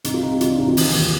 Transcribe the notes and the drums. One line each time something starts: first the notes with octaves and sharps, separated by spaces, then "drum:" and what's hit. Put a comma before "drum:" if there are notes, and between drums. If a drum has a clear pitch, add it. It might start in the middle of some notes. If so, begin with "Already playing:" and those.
C2 D#4, drum: hi-hat
F4
C2 D#4
G4
C2 F4, drum: hi-hat
D4
C2 D#4
F4
D#3, drum: open hi-hat
D#2